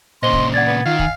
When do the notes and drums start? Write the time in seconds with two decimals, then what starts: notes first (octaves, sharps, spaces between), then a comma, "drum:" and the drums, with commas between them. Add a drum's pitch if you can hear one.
0.23 A#2 C#3 C5 D#5 C6 G7
0.33 drum: kick
0.54 D5 F#5 G#6 A6
0.67 B3
0.86 D#3 F4 F5
0.99 G#5, drum: kick